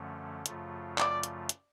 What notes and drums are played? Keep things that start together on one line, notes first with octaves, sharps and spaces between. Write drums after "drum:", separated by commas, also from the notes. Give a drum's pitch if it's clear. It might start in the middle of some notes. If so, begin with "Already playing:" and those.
Already playing: F#2 D3 F3 A3 C#4
F#2 C#3 F3 A3 F4, drum: hi-hat
D5, drum: clap
drum: hi-hat
drum: hi-hat